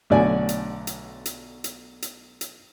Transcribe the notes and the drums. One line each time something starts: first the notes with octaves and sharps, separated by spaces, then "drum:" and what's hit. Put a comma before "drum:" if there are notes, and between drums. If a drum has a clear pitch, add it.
B1 A2 D3 F#4 D5 G#5
drum: hi-hat
drum: hi-hat
drum: hi-hat
drum: hi-hat
drum: hi-hat
drum: hi-hat